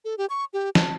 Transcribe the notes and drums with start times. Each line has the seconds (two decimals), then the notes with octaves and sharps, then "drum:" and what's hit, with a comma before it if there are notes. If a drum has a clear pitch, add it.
0.05 A4
0.18 G4
0.30 C#6
0.53 G4
0.75 A5, drum: snare